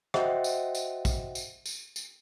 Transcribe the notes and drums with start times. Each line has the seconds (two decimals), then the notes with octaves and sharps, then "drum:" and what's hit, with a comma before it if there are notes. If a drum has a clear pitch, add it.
0.14 F#4 C5 D#5 E5 F#5 G5, drum: rim click
0.44 drum: tambourine
0.75 drum: tambourine
1.05 drum: kick, tambourine
1.35 drum: tambourine
1.66 drum: tambourine
1.96 drum: tambourine